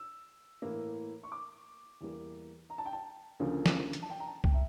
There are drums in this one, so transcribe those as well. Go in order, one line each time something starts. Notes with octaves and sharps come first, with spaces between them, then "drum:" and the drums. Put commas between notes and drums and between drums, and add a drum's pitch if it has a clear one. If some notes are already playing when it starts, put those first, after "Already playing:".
Already playing: E6
A2 E3 A#3
C#6
D6
E2 E3 G3 A#3
A#5
A5
G5
A5
D2 C#3 F3 A#3
drum: snare
drum: hi-hat
A5
G5
A#5
A5
G5, drum: kick C2
E5